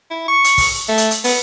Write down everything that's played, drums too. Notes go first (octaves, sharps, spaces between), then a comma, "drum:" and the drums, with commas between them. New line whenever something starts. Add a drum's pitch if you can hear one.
E4
C#6
drum: hi-hat
drum: kick, open hi-hat
A3
drum: hi-hat
drum: hi-hat
B3, drum: open hi-hat